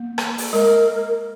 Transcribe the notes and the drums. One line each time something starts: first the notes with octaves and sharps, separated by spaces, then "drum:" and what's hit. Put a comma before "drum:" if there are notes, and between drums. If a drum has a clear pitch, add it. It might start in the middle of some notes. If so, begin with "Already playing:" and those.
Already playing: A#3
drum: rim click
drum: open hi-hat
G#3 A#4